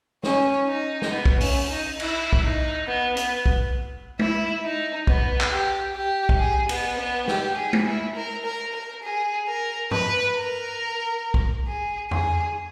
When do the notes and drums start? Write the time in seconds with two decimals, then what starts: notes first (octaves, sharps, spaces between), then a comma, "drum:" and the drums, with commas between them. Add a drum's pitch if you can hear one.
0.23 C#4, drum: snare
0.68 D#4
1.02 drum: snare
1.12 B3
1.25 drum: kick B1
1.40 C#4, drum: open hi-hat
1.70 D#4
2.00 E4, drum: cymbal
2.33 drum: kick B1
2.43 D#4
2.87 B3
3.17 B3, drum: hi-hat
3.46 drum: kick B1
4.19 E4, drum: tom
4.64 D#4
5.07 B3, drum: kick B1
5.41 drum: clap
5.51 G4
5.95 G4
6.29 drum: kick B1
6.39 G#4
6.69 B3, drum: cymbal
6.98 B3
7.28 G4, drum: snare
7.57 G#4
7.73 drum: tom
7.86 E4
8.15 A#4
8.45 A#4
8.74 A#4
9.03 G#4
9.47 A#4
9.91 B4, drum: tom G2
10.35 A#4
11.34 drum: kick B1
11.68 G#4
12.11 G#4, drum: tom E2